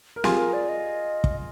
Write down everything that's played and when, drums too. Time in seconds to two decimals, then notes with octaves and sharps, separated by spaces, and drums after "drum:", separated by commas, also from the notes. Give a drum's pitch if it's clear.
0.16 A#4
0.24 F4 G4 G#4, drum: snare
0.38 A#4
0.53 D5
0.69 D#5
1.24 drum: kick